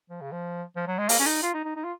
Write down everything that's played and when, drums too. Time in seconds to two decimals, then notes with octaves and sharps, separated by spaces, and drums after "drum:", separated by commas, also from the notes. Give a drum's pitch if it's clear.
0.10 F3
0.21 C#3
0.32 F3
0.76 F3
0.87 F#3
0.98 G#3
1.09 A#3, drum: open hi-hat
1.19 C#4
1.26 D#4
1.42 F4
1.54 D#4
1.65 D#4
1.76 D#4
1.84 F4